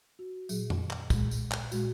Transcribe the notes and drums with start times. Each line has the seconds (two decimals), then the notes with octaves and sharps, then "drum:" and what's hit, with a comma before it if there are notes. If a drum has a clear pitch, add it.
0.19 F#4
0.49 A#2 F#3 G#4, drum: tambourine
0.70 drum: tom F2
0.91 drum: clap
1.10 A#2 G#3, drum: kick, tambourine
1.31 drum: tambourine
1.52 drum: clap
1.72 A#2 G#3 F#4, drum: tambourine